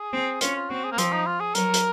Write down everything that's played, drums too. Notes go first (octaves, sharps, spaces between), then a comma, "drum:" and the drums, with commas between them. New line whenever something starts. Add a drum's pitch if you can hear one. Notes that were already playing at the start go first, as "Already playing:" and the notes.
Already playing: G#4
C4
C#4 F4, drum: hi-hat
F4
C4 F#4
G#4
A#3
F3 C4, drum: hi-hat
D#4
F4
G#4
F#3 A#4, drum: hi-hat
drum: hi-hat